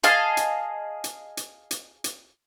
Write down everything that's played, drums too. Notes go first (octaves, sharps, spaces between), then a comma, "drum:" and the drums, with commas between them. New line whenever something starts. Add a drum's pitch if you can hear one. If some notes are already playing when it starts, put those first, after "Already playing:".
G#4 D#5 F5 A5, drum: hi-hat
drum: hi-hat
drum: hi-hat
drum: hi-hat
drum: hi-hat
drum: hi-hat